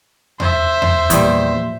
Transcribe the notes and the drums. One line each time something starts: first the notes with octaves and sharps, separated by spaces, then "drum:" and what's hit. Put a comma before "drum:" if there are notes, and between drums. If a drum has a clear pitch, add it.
C5 E5, drum: tom E2
drum: tom E2
E2 A#2 F3 G3, drum: hi-hat